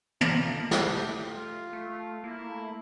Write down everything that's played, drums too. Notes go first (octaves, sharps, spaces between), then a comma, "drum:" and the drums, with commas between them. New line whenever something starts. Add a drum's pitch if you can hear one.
C4 F4, drum: tom
A#3
A3
A#3
A3 G4, drum: snare
F4
A3
A#3 E4
A3